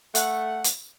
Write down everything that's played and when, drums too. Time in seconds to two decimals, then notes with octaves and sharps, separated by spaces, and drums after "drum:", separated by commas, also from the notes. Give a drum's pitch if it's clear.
0.15 A3 F#5, drum: hi-hat
0.64 drum: hi-hat